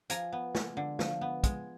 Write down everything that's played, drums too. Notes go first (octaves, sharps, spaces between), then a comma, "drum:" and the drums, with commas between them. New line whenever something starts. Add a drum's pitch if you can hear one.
F3 G#5 A#5, drum: hi-hat
B3
G#3, drum: snare
D3
F3, drum: snare
B3
G#3, drum: kick, hi-hat